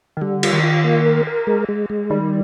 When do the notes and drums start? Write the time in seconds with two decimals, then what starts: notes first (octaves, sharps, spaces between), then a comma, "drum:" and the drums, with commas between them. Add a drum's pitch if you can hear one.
0.17 D#3
0.21 D3 G3
0.43 F4, drum: cymbal
0.53 D#3
0.64 F4
0.84 A#3
1.06 A#4
1.27 A#4
1.47 G#3
1.69 G#3
1.90 G#3
2.10 D#3 G3